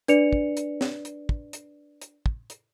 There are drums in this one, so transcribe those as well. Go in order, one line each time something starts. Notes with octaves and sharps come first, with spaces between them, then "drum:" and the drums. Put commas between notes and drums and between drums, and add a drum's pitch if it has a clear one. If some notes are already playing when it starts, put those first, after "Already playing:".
D4 B4 D5 C#7 F7, drum: hi-hat
drum: kick
drum: hi-hat
drum: snare C4
drum: hi-hat
drum: kick
drum: hi-hat
drum: hi-hat
drum: kick
drum: hi-hat